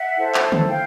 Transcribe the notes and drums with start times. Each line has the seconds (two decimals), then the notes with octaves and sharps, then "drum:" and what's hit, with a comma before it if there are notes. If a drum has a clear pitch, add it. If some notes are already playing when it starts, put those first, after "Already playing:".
Already playing: E5 F#5
0.16 E4 A4 C5
0.34 drum: clap
0.52 drum: tom D3
0.69 E4 F5 G5